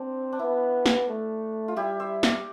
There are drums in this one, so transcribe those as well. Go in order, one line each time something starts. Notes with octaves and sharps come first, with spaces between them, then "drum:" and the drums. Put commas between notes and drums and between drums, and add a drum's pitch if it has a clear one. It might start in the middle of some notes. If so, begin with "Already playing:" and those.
Already playing: C4 D4
D4
B3 E4
drum: snare
A3
F4
G3 E4 G4
C5 E5
D5 F5, drum: snare